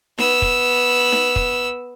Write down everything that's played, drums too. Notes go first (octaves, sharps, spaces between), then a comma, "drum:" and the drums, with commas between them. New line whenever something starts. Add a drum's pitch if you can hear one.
B3 E6, drum: snare D#4
drum: kick
drum: snare D#4
drum: kick